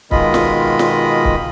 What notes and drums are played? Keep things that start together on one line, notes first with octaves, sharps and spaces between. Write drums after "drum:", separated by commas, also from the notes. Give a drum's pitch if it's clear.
B2 D#3 G#3 F4 D#5 B5, drum: kick C#1
drum: snare
drum: snare
drum: kick C#1